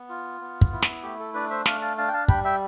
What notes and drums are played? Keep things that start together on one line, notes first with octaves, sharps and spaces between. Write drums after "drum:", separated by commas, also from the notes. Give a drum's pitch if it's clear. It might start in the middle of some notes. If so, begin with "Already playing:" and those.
Already playing: B3
F4
B3
drum: kick
E4
drum: snare
A3 G4
A4
D4 B4 D5
C5 E5
A3 D5 F5, drum: snare
F5 A5
D4 F5 A5
G5
F5 A5
G3 G5 B5, drum: kick
E5 G5